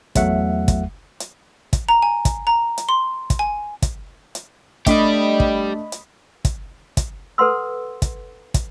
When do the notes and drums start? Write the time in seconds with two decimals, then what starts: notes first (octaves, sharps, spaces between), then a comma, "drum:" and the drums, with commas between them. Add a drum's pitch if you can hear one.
0.15 E2 F#3 A3 E5 F#5, drum: kick, hi-hat
0.68 drum: kick, hi-hat
1.20 drum: hi-hat
1.73 drum: kick, hi-hat
1.89 A#5
2.02 G#5
2.25 drum: kick, hi-hat
2.47 A#5
2.78 drum: hi-hat
2.89 C6
3.30 drum: kick, hi-hat
3.39 G#5
3.82 drum: kick, hi-hat
4.35 drum: hi-hat
4.86 A3 D4 G4 D5 D#5 B5, drum: kick, hi-hat
5.40 drum: kick
5.92 drum: hi-hat
6.45 drum: kick, hi-hat
6.97 drum: kick, hi-hat
7.38 A4 B4 F#5 C6 E6
8.02 drum: kick, hi-hat
8.54 drum: kick, hi-hat